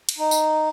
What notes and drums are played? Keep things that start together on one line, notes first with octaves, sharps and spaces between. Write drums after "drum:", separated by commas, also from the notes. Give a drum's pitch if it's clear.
drum: cymbal
D#4
drum: tambourine